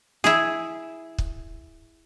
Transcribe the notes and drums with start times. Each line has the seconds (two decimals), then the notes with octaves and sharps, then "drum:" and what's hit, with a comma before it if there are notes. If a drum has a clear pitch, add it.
0.24 E4 G#4, drum: snare
1.18 drum: kick